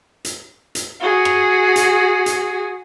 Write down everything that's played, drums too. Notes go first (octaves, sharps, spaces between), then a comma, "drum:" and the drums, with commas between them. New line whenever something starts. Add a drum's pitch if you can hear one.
drum: hi-hat
drum: hi-hat
F#4 G#4
drum: rim click
drum: hi-hat
drum: hi-hat